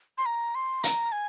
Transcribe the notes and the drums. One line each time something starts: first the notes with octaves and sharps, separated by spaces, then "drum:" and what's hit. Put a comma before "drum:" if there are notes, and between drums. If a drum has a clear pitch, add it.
C6
A#5
C6
A#5, drum: hi-hat
G#5